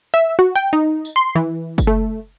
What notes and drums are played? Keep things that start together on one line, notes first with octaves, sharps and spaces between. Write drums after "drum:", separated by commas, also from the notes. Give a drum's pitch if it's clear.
E5
F#4
G5
D#4
drum: tambourine
C6
E3
drum: kick, tambourine
A3